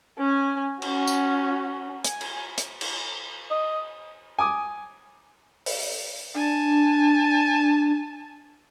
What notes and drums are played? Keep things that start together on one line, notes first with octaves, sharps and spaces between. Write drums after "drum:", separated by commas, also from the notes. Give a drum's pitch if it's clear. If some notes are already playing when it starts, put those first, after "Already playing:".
C#4 G#5
C#4 F#4, drum: cymbal
drum: tambourine
G#5, drum: hi-hat
drum: cymbal
drum: hi-hat
drum: cymbal
D#5
G#5 D6 D#6
drum: open hi-hat
D4 G#5 A5